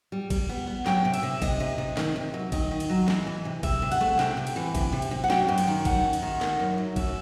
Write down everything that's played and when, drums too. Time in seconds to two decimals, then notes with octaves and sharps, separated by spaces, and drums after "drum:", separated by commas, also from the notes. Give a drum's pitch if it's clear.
0.12 G3
0.30 G3, drum: kick A1, cymbal
0.49 B3
0.67 B3
0.86 F#3 G5, drum: snare
1.05 C3
1.14 E5, drum: cymbal
1.23 C3
1.42 C3 D#5, drum: kick A1, cymbal
1.60 C3
1.78 C3
1.97 D#3, drum: snare
2.16 C3
2.34 F#3
2.52 D#3 D#5, drum: kick A1, cymbal
2.71 D#3
2.80 drum: cymbal
2.90 F#3
3.08 E3, drum: snare
3.27 E3
3.45 C3
3.63 C3 E5, drum: kick A1, cymbal
3.82 C3
3.92 F#5, drum: cymbal
4.01 A3
4.19 C3 G5, drum: snare
4.37 C3
4.47 drum: cymbal
4.56 E3
4.75 C3, drum: kick A1, cymbal
4.92 C3
5.02 drum: cymbal
5.11 C3
5.24 F#5
5.30 F#3 G5, drum: snare
5.48 F#2
5.58 drum: cymbal
5.67 D#3
5.85 F#2 F#5, drum: kick A1, cymbal
6.04 F#2
6.13 drum: cymbal
6.22 D#3
6.41 D#3, drum: snare
6.60 F#2
6.78 F#3
6.96 F#2 E5, drum: kick A1, cymbal